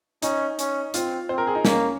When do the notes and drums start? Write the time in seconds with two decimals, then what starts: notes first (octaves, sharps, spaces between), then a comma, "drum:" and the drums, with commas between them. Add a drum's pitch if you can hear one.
0.22 C#4 D#4, drum: hi-hat
0.59 C#4, drum: hi-hat
0.94 C4 F4, drum: hi-hat
1.29 C4 C5
1.38 A#4
1.47 G#4
1.55 D#4
1.65 A#3 C#4, drum: snare